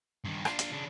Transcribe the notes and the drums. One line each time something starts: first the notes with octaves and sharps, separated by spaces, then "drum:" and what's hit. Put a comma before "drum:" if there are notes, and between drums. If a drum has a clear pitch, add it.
G2 D#3
D4 F4, drum: rim click
drum: hi-hat
C#3 D4